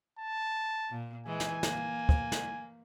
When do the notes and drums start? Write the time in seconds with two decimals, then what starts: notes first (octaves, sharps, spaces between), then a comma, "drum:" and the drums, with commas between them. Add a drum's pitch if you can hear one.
0.19 A5
0.91 A#2
1.26 E3 G#3 G#5
1.40 drum: snare
1.63 A#3, drum: snare
2.09 drum: kick
2.32 drum: snare